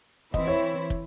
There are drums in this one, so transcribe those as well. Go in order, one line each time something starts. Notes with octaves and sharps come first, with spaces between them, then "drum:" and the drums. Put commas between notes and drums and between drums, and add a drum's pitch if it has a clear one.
E3 C4 E4 D#5, drum: kick
C#5
drum: kick